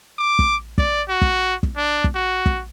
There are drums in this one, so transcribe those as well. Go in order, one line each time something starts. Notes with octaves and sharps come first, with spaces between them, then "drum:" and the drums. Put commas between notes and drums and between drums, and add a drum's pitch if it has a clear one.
D6
drum: kick
D5, drum: kick
F#4
drum: kick
drum: kick
D4
drum: kick
F#4
drum: kick